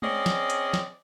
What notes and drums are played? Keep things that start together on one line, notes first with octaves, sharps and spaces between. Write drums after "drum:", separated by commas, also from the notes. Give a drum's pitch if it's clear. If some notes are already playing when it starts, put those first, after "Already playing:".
C4 C#4 G#4 D5 D#5, drum: tom G#3
drum: snare
drum: hi-hat
drum: snare